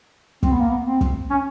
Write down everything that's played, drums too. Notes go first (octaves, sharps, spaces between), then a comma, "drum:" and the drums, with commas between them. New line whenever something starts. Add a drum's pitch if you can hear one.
C4, drum: kick
B3
A#3
B3
C4
drum: kick
C#4